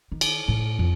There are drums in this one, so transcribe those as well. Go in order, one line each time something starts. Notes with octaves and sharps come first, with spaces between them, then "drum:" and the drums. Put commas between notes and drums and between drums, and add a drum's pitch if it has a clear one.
D#3
drum: cymbal
A2
F2